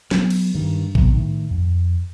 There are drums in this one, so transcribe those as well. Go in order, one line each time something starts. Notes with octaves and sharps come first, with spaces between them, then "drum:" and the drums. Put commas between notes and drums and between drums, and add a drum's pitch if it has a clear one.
F#3 B3, drum: snare
drum: cymbal
G2 D#3
C3 F#3 B3, drum: kick A#1
A2 D#3
F2